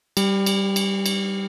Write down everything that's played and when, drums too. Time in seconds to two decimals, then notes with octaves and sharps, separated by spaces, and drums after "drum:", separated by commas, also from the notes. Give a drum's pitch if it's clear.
0.17 G3, drum: cymbal
0.46 drum: cymbal
0.76 drum: cymbal
1.06 drum: cymbal